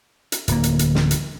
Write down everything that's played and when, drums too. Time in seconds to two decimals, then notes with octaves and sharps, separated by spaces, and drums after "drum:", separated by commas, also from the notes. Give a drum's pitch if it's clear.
0.32 drum: hi-hat
0.48 D1 A#3, drum: hi-hat
0.64 drum: hi-hat
0.79 drum: hi-hat
0.95 drum: snare
1.11 drum: hi-hat